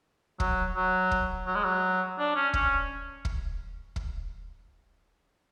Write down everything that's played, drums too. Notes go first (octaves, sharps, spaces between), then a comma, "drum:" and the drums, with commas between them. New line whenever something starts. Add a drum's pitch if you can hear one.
F#3, drum: kick
F#3
drum: kick
F#3
G#3
F#3
D4
C#4
C#4, drum: kick
drum: kick
drum: kick